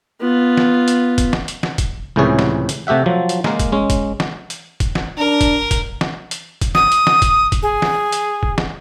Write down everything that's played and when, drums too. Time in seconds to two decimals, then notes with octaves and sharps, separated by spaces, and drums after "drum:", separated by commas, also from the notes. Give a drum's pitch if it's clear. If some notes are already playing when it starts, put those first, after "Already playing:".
0.20 B3 F4
0.57 drum: snare
0.88 drum: hi-hat
1.18 drum: kick, hi-hat
1.33 drum: snare
1.48 drum: hi-hat
1.63 drum: snare
1.78 drum: kick, hi-hat
2.16 C#2 A2 C3 E3 G#4 C#5
2.39 drum: snare
2.69 drum: hi-hat
2.87 C3 A3 G4 E5 F#5
3.06 F3 F#3
3.29 drum: hi-hat
3.44 G#3 A#3 A#4 F5, drum: snare
3.59 drum: kick, hi-hat
3.72 G#3 C#4
3.90 drum: kick, hi-hat
4.20 drum: snare
4.50 drum: hi-hat
4.80 drum: kick, hi-hat
4.95 drum: snare
5.18 D4 A#4
5.41 drum: kick, hi-hat
5.71 drum: kick, hi-hat
6.01 drum: snare
6.31 drum: hi-hat
6.61 drum: kick, hi-hat
6.75 D#6, drum: snare
6.92 drum: hi-hat
7.07 drum: snare
7.22 drum: kick, hi-hat
7.52 drum: kick, hi-hat
7.63 G#4
7.82 drum: snare
8.12 drum: hi-hat
8.43 drum: kick
8.58 drum: snare